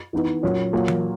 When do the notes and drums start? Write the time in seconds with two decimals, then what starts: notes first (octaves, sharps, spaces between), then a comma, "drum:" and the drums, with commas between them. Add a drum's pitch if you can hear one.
0.13 E3 B3 D#4
0.43 A#2 F#3 C#4
0.73 A#2 F#3 A#3
0.88 drum: tom E3